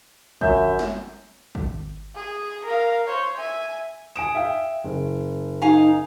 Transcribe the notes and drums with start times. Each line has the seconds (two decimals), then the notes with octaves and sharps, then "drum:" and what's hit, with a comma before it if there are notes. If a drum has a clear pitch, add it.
0.41 F#2 E5 G6, drum: kick
0.79 drum: snare
1.55 drum: kick
2.15 G#4
2.64 A#4 F5
3.08 C5 C#5
3.37 E5 G#5
4.16 G#5 D#6 D7 E7
4.35 E5 F5 G5
4.84 F#1
5.62 D#4 F5 G#5 A#5